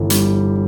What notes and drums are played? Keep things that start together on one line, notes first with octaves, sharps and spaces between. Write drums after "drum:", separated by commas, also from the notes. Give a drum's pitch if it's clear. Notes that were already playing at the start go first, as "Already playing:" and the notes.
Already playing: G1 E3
G3, drum: hi-hat